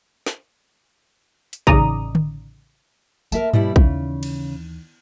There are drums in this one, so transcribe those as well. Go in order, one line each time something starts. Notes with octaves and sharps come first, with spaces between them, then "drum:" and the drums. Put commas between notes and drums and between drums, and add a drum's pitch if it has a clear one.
drum: snare
drum: hi-hat
A1 C#3 D#4 D5 A#5 D#6, drum: kick A#1
drum: tom D3
A#3 A#4 E5 A5, drum: tambourine
B2 G3 E4, drum: tom G2
D#2 C#3 E3, drum: kick A#1
drum: cymbal